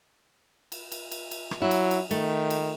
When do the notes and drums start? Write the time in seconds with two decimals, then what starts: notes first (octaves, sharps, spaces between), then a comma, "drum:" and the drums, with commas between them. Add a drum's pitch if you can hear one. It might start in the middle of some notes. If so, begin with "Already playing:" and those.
0.72 drum: cymbal
0.92 drum: cymbal
1.11 drum: cymbal
1.31 drum: cymbal
1.51 drum: rim click
1.62 F#3 E4
1.71 drum: cymbal
1.91 drum: cymbal
2.11 D#3 A3, drum: cymbal
2.50 drum: cymbal